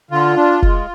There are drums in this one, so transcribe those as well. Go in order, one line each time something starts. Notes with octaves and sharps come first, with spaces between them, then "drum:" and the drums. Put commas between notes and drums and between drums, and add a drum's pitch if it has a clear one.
D3 F4
D4
G#3, drum: kick F1